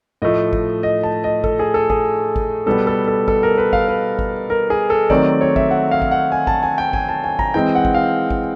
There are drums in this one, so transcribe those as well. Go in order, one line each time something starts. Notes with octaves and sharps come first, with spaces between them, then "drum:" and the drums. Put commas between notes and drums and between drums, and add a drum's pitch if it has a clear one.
A2 F3 A3 D#5
drum: kick G#1
D#5
A5
D#5
A4, drum: kick G#1
G#4
A4
G#4, drum: kick G#1
drum: kick G#1
B2 G3 B3 A4
A4
A4
A4, drum: kick G#1
A#4
B4
F5, drum: kick G#1
B4
drum: kick G#1
A#4
G#4
A4
D#3 F#3 A3 C4 D5, drum: kick G#1
C#5
E5, drum: kick G#1
F#5
F5
drum: kick G#1
F#5
G#5
A5, drum: kick G#1
G#5
G5
G#5, drum: kick G#1
A5
G#5
A#5, drum: kick G#1
E3 G#3 C4 G5
F#5
drum: kick G#1
F5
drum: kick G#1